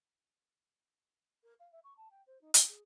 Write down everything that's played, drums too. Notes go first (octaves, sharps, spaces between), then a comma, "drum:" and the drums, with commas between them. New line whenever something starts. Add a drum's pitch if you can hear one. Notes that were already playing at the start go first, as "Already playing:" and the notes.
A#4
F5
E5
C#6
A5
G5
C5
D#4
D#4, drum: hi-hat
G#4